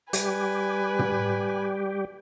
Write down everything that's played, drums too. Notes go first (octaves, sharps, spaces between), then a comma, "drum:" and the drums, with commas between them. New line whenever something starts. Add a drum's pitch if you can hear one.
G3 G4 B4 G#5, drum: hi-hat
drum: tom